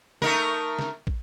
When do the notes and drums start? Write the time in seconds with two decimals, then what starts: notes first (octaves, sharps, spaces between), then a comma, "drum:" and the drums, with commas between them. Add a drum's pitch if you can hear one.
0.22 A3 D#4 A#4, drum: snare
0.79 drum: snare
1.07 drum: kick